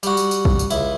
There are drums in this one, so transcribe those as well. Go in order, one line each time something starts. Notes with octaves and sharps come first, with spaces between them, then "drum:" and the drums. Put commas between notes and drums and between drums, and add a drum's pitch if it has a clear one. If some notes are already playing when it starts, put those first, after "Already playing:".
G3 F#4, drum: tambourine
drum: tambourine
drum: tambourine
drum: kick
drum: tambourine
C#2 E4, drum: tambourine